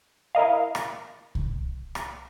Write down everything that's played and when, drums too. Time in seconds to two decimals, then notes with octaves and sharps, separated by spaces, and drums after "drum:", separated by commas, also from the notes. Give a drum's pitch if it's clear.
0.35 E4 A#4 D#5 F5
0.75 drum: rim click
1.35 drum: kick C2
1.95 drum: rim click